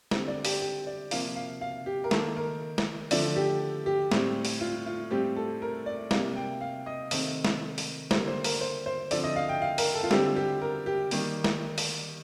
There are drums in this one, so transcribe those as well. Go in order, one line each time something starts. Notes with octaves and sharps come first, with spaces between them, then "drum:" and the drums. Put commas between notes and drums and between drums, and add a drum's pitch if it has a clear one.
D3 G3 C4, drum: snare
D5
G4, drum: open hi-hat
G4
D5
C3 F3 A#3 F5, drum: open hi-hat
F5
F5
G4
A#4
D#3 A#3 A4, drum: snare
A#4
drum: snare
D3 F3 A3 D5, drum: open hi-hat
G4
G4
A2 G3 C4, drum: snare
drum: open hi-hat
F4
F4
A2 G3 C4 G4
A4
A#4
D5
C3 G3 A#3 F5, drum: snare
G5
F5
D#5
C3 D#3 A3 C4, drum: open hi-hat
drum: snare
drum: open hi-hat
D3 G3 A#3 C5, drum: snare
C5
A#4, drum: open hi-hat
C5
C5
D3 F3 C4 D5, drum: open hi-hat
D#5
F5
G5
F5
A#4, drum: open hi-hat
A4
F4
D3 G3 C4 G4, drum: snare
G4
A#4
G4
D#3 G3 A#3, drum: open hi-hat
drum: snare
drum: open hi-hat